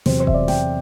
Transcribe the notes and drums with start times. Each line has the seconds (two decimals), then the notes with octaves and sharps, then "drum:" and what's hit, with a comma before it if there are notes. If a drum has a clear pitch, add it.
0.06 E2 C3 F#3 C4 C5, drum: snare
0.20 C5
0.27 E5, drum: kick E1
0.34 D5
0.48 G5, drum: snare